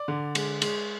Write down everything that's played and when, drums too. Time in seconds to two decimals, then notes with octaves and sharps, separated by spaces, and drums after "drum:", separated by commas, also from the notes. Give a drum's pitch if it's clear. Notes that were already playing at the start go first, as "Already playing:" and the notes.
Already playing: D5 D6
0.08 D3
0.35 G#3, drum: cymbal
0.62 G#3, drum: cymbal